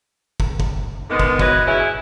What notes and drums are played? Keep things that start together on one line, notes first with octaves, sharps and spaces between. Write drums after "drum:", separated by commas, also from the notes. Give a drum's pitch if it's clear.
drum: kick
drum: kick
D3 D#3 G#3 B3
drum: kick
E4 F#4 B4 C#5 D#5, drum: kick
C#3 F#3 C#4 E4